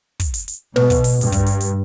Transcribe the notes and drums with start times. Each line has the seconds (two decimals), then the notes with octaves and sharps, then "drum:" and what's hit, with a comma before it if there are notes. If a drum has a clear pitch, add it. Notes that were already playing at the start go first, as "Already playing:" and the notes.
0.20 drum: kick, hi-hat
0.34 drum: hi-hat
0.48 drum: hi-hat
0.76 B2 B4, drum: snare
0.90 drum: kick, hi-hat
1.04 drum: open hi-hat
1.21 G2, drum: hi-hat
1.32 drum: kick, hi-hat
1.46 drum: hi-hat
1.60 drum: hi-hat